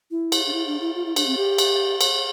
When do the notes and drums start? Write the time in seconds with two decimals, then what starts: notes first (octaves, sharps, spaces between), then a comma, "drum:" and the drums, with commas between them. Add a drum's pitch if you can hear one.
0.11 E4
0.32 drum: cymbal
0.47 D4
0.53 E4
0.67 D4
0.81 E4
0.95 F4
1.06 E4
1.16 D4, drum: cymbal
1.27 C4
1.37 G4
1.58 drum: cymbal
2.01 drum: cymbal